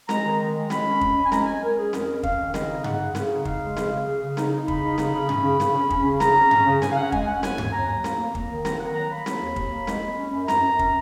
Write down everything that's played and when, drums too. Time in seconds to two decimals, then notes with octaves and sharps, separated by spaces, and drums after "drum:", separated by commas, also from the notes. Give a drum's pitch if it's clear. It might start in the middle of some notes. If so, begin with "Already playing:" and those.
0.09 G#3 A#5, drum: snare C4
0.25 D#3
0.40 D#3
0.56 G#3
0.70 G#3 B5, drum: snare C4
0.86 C#4
1.01 C#4, drum: kick
1.16 C#4
1.25 G#5
1.32 G#3 A#5, drum: snare C4
1.46 G#3 G#5
1.62 G#3 A#4
1.77 C#4 G#4
1.93 F2 A#4, drum: snare C4
2.08 C#4
2.23 C#4 F5, drum: kick
2.39 D#3
2.54 C#3 D#5, drum: snare C4
2.69 D#4
2.84 C#3 F#5, drum: tom G2
2.99 C#3
3.15 C#3, drum: snare C4
3.30 D#4
3.45 C#3 F5, drum: kick
3.61 G#3
3.77 C#3, drum: snare C4
3.92 C#3
4.07 C#3
4.22 C#3
4.37 D#4, drum: snare C4
4.53 D#4
4.68 C#3 B5, drum: kick
4.83 D#4
4.98 C#3, drum: snare C4
5.14 C#3
5.29 C#4, drum: tom G2
5.45 C#3
5.60 C#3, drum: snare C4
5.75 C#4
5.90 C#4, drum: kick
6.05 C#3
6.20 C#3 A#5, drum: snare C4
6.35 C#4
6.51 C#4, drum: tom G2
6.67 C#3
6.82 C#4 G#5, drum: snare C4
6.92 F5
6.97 C#4 F#5
7.12 G#3 G#5, drum: kick
7.27 C#4 F#5
7.43 D#2 G#5, drum: snare C4
7.58 D#2, drum: tom G2
7.73 D#2 A#5
7.88 F#3
8.04 A#3, drum: snare C4
8.19 A#3
8.35 A#3, drum: kick
8.50 D#3
8.65 A#3 A#5, drum: snare C4
8.80 D#3 F#5
8.95 F#3 A#5
9.10 A#3 B5
9.26 A#3, drum: snare C4
9.42 D#2
9.56 D#2, drum: kick
9.72 A#3
9.87 G#3, drum: snare C4
10.03 G#3
10.18 C#4
10.33 F#2
10.48 F#2 A#5, drum: snare C4
10.64 F#2
10.79 C#4, drum: kick